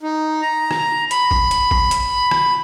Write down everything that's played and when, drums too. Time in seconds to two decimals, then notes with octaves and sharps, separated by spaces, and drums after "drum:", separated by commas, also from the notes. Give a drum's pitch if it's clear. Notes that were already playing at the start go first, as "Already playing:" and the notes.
0.03 D#4
0.42 A#5
0.71 drum: rim click
1.11 B5, drum: hi-hat
1.31 drum: kick
1.51 drum: hi-hat
1.71 drum: kick
1.91 drum: hi-hat
2.31 drum: rim click